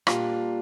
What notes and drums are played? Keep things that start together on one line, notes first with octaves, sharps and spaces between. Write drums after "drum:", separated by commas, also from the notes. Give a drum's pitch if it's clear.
A#2 G3 A#3 D4 F4, drum: rim click